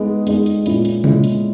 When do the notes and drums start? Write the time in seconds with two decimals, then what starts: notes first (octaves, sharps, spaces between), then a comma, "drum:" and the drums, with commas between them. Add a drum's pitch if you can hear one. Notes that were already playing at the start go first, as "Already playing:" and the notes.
Already playing: G#3 B3 D#4 G#4
0.27 G#3 B3 D#4 G#4, drum: hi-hat
0.46 drum: hi-hat
0.66 A#2 G#3 C#4 E4, drum: hi-hat
0.85 drum: hi-hat
1.04 A#2 G#3 C#4 E4, drum: tom C3
1.24 drum: hi-hat